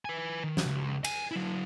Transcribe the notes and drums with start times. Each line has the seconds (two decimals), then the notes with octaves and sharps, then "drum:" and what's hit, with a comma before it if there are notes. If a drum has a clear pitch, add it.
0.05 B4 G#5
0.44 D#3
0.57 drum: snare
0.66 C#2
1.04 G#5, drum: cymbal
1.32 F#3 E4